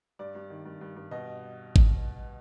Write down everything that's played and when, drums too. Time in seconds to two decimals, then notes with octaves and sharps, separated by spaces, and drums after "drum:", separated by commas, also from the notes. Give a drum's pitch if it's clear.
0.19 G2 D5
0.35 G2
0.50 D#3
0.65 G2
0.81 G2
0.96 G2
1.11 B2 D#5
1.76 drum: kick A1